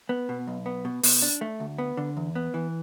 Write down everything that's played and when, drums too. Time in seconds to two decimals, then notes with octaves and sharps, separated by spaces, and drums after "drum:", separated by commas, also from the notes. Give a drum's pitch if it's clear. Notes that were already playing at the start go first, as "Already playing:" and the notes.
0.09 B3
0.29 B2
0.47 B1
0.66 B3
0.85 B2
1.03 B2, drum: open hi-hat
1.22 D4
1.41 A3
1.60 D2
1.78 B3
1.97 D3
2.17 E2
2.35 B3
2.54 E3